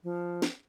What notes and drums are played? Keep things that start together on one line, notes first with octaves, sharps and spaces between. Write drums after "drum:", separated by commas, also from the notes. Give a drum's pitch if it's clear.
F3
drum: snare